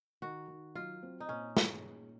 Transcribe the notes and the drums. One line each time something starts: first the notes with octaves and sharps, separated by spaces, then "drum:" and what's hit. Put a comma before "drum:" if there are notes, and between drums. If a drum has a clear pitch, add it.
D#3 F#4
D#3
F#3 F4
C4
D#4
A#2 C#4
G#4, drum: snare
A#2